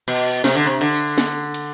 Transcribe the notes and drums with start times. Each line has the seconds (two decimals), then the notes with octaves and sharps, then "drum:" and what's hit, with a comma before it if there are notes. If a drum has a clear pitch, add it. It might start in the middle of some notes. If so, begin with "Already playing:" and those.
0.08 B2, drum: cymbal
0.44 C3, drum: snare
0.55 D3
0.66 C3
0.81 D3, drum: cymbal
1.18 drum: snare
1.54 drum: cymbal